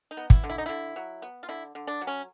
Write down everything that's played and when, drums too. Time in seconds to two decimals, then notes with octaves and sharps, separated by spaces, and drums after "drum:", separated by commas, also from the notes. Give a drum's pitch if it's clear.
0.11 D#4
0.17 B3
0.30 E4, drum: kick
0.44 D3
0.49 E4
0.58 D#4
0.66 D3 E4
0.96 F#3
1.22 B3
1.43 F4
1.49 D3 E4
1.75 D3
1.87 D4
2.01 F#3
2.07 C#4